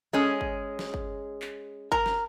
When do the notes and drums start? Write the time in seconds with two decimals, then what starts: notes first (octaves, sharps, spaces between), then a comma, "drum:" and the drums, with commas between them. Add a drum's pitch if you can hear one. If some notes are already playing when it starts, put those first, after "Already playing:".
0.13 G#3 C#4 G#4
0.41 drum: kick G1
0.79 drum: snare
0.94 drum: kick G1
1.42 drum: clap
1.92 A#4, drum: kick G1
2.06 drum: snare